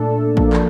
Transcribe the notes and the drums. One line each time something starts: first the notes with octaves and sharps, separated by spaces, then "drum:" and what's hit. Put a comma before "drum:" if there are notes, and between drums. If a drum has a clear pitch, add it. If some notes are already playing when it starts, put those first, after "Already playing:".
Already playing: A#2 A3 D4 A4
F3 A#3 D4, drum: kick A1
drum: clap